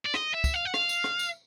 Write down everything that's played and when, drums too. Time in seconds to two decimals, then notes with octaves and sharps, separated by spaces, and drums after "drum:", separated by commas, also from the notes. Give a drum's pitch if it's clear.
0.05 D5
0.14 D#5, drum: rim click
0.34 E5
0.44 drum: kick, tambourine
0.54 F5
0.65 F#5
0.74 F5, drum: rim click
0.89 drum: tambourine
1.04 drum: rim click
1.19 drum: tambourine